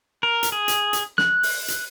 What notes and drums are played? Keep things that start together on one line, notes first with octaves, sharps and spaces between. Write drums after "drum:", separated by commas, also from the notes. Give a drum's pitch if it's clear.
A#4
drum: hi-hat
G#4
drum: hi-hat
drum: hi-hat
F#6, drum: snare
drum: open hi-hat
drum: hi-hat